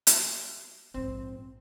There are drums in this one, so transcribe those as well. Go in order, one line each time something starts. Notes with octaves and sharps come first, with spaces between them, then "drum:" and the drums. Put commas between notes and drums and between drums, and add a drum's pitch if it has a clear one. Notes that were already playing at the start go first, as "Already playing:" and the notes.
drum: hi-hat
A#1 G#2 C4